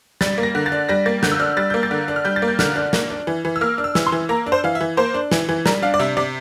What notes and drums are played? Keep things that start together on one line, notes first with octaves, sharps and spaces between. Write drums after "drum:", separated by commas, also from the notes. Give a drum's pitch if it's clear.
G3 A6, drum: snare
A#3
A#6
D3
A6
D4
G3 A#6
A#3 A6
D3 G6, drum: snare
E6
D4 F6
G3 A6
A#3 G6
A6
D3
D4
F6
G3 G6
A6
A#3
G6
D3 F6, drum: snare
D4
A#3, drum: snare
D4
E3
E3
E6
A#3 F6
D4
E6
E3, drum: snare
C6
E3
A#3 A#5
D4
C5
E3 F5
E5
E3
A#3 C5
D4
E3, drum: snare
E3
G3 A#4, drum: snare
D4 F5
D5
C3 E5
C3 D5